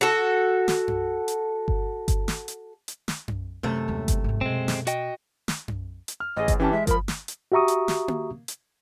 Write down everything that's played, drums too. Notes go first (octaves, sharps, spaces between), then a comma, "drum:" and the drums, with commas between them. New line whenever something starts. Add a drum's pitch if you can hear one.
F#4 A4
drum: snare
drum: tom F#2
drum: hi-hat
drum: kick G1
drum: kick G1, hi-hat
drum: snare
drum: hi-hat
drum: hi-hat
drum: snare
drum: tom F#2
F#2 C3 D#3 A3
D#2 G#3
drum: kick G1, hi-hat
G#1 F2
B2 G#3 C4
drum: snare
F#4 D#5 G5, drum: hi-hat
drum: snare
drum: tom F#2
drum: hi-hat
F6
A1 G#4 D#5
drum: kick G1, hi-hat
E3 C#4 G4 A5
G#3 E5
F3 A#4 B5, drum: kick G1, hi-hat
drum: snare
drum: hi-hat
F#4 G4 E5 A#5 C#6 D#6
drum: hi-hat
drum: snare
drum: tom A#3
drum: hi-hat